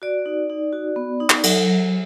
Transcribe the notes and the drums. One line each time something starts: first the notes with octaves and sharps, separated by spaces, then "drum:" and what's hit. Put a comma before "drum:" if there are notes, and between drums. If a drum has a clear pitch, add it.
F#4 D5
D#4
D#4
F#4
B3
D#4
drum: clap
F#3, drum: cymbal
F#3